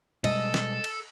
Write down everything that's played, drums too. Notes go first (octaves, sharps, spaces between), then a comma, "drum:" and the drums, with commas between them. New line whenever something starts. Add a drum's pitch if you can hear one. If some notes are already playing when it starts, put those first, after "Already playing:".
B2 G3 G#3 A4 D#5, drum: cymbal
drum: snare
drum: cymbal